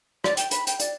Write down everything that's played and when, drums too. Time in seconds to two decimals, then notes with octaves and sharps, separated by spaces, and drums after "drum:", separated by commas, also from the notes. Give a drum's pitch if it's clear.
0.24 D5, drum: rim click
0.37 G5, drum: hi-hat
0.51 B5, drum: hi-hat
0.67 G5, drum: hi-hat
0.80 D5, drum: hi-hat